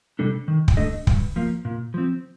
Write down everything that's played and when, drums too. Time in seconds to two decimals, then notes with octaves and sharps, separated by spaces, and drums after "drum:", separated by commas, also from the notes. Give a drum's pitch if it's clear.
0.19 C3 G3 D4 A4
0.48 D#3
0.68 drum: kick
0.77 A3 D4 A4 D#5
1.07 G2, drum: kick
1.36 F3 A#3
1.65 A#2
1.94 F3 C4